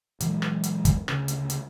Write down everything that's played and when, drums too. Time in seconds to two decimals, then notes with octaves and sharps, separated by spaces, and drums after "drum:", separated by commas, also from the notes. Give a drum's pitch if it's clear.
0.20 A#2 E3 F#3 G#3, drum: hi-hat
0.42 drum: rim click
0.64 drum: hi-hat
0.85 drum: kick, hi-hat
1.08 D2 C#3 C#4, drum: rim click
1.28 drum: hi-hat
1.50 drum: hi-hat